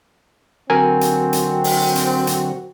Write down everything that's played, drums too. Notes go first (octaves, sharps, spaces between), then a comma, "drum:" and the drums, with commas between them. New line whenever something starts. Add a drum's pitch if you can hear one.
D3 F#3 C4 F#4 A#4 G#5
drum: hi-hat
drum: hi-hat
drum: open hi-hat
drum: hi-hat
drum: hi-hat